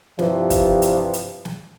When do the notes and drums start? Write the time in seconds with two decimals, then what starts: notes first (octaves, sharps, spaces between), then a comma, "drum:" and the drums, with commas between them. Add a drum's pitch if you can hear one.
0.19 G2 C3 E3 F3, drum: snare
0.50 drum: kick, hi-hat
0.82 drum: hi-hat
1.13 drum: hi-hat
1.45 drum: snare